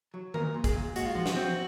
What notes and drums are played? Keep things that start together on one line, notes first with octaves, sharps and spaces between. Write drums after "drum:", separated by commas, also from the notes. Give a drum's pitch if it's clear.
F#3
A#2 A#4, drum: tom D#3
A#2
G#4, drum: kick, hi-hat
A#2
G#3 F#4, drum: hi-hat
F4
F3 F#4
drum: snare
C4